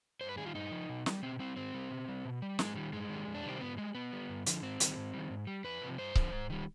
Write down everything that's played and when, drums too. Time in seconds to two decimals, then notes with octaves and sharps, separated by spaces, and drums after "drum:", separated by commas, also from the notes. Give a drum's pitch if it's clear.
0.21 G2 C5
0.29 B4
0.38 D#3 G3 G#4
0.46 F4
0.55 G2 D#4
0.72 F3
0.89 B2
1.06 G3, drum: snare
1.23 B2 C4
1.39 G3 C4
1.57 G#2 C4
1.74 G3
1.91 B2
2.08 G3
2.25 B2
2.42 G3
2.59 G#2 G#3, drum: snare
2.76 D#3 G3
2.93 G2 G#3
3.09 D#3 G3
3.27 F2
3.34 D4
3.43 C3 D#3 G3 C4
3.61 G#2 B3
3.77 G3 G#3
3.95 B2 B3
4.12 G3
4.29 G2
4.46 D3 F3, drum: hi-hat
4.62 G#2 C4
4.80 D#3 G3, drum: hi-hat
4.97 G#2
5.14 D#3 G3
5.30 G#2
5.47 G3
5.64 F2 B4
5.81 C3 F3
5.98 G2 C5
6.15 D3 F3, drum: kick C#1
6.32 G#2
6.50 D#3 G3